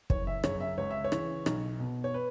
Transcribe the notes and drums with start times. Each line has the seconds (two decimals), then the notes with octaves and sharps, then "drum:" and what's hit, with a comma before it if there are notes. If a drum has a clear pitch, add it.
0.10 F#1 C#5, drum: kick
0.27 E5
0.44 F#2 C#3 C#5, drum: rim click
0.61 E5
0.78 C#2 C#5
0.91 E5
1.04 C#5
1.12 C#3 E3, drum: rim click
1.46 B1, drum: rim click
1.80 B2
2.04 C#5
2.14 B4